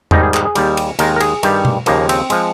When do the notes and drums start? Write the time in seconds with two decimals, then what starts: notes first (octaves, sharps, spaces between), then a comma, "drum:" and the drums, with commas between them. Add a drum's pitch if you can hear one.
0.11 G#2 D#3 G3 D#4, drum: tom E2
0.23 G#4
0.34 G#4, drum: clap
0.45 G#4
0.55 D#2 D#3 G3, drum: cymbal
0.77 drum: cymbal
0.99 D#2 D#3 G#3 A#4, drum: cymbal
1.16 A#4
1.20 G#4, drum: cymbal
1.43 G2 D#3 G3, drum: cymbal
1.65 drum: tom B2
1.86 D#2 C#3 F3 A#3, drum: cymbal
2.09 C4, drum: cymbal
2.30 F3 G#3, drum: cymbal